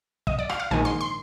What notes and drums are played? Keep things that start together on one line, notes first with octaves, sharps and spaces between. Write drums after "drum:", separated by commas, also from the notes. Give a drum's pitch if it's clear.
D#5, drum: kick
D5
F5, drum: rim click
F5
A#1 G#2 D#3 G#5
C6
C6